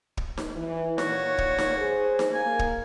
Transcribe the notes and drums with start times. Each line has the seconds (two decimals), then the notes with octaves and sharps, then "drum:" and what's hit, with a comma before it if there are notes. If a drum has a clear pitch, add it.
0.17 drum: kick
0.37 drum: snare D#4
0.56 E3
0.98 A#2 D#3 F#4 C#5, drum: snare D#4
1.38 drum: kick
1.58 drum: snare D#4
1.78 G#4 C5
2.19 drum: snare D#4
2.34 A#3 G#5
2.59 drum: kick